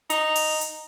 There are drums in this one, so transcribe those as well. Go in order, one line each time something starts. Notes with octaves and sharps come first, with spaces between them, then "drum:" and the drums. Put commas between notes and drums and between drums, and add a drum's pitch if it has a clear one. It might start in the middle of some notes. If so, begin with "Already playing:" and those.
D#4, drum: hi-hat
drum: open hi-hat
drum: hi-hat